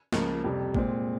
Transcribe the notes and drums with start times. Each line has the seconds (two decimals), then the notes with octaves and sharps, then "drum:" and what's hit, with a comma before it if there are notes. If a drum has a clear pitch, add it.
0.12 C#2 C#3 F3 A#3, drum: snare
0.43 F2 C3 G3
0.75 A#2 G#3 C4, drum: kick A1